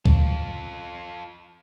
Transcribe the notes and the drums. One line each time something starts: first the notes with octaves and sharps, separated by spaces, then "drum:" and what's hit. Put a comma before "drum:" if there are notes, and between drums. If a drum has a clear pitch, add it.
F4 A4, drum: kick C2